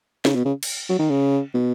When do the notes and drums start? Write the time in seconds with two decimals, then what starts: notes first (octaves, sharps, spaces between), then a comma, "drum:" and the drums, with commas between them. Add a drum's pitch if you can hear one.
0.25 C#3, drum: snare
0.35 B2
0.45 C#3
0.63 drum: cymbal
0.90 F#3
0.99 D#3
1.10 C#3
1.54 B2